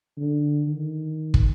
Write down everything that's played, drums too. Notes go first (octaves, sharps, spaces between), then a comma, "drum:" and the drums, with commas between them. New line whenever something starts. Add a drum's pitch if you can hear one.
D3
D#3
drum: kick